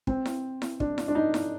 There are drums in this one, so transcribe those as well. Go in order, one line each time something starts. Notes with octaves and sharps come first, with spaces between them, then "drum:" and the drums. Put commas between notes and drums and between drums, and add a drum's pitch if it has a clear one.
C4, drum: kick
drum: snare E4
drum: snare E4
D4, drum: kick
drum: snare E4
D4
D#4
drum: snare E4